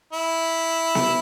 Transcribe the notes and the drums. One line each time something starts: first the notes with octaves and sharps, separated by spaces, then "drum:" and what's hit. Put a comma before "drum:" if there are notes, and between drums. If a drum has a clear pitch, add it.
E4
drum: snare B3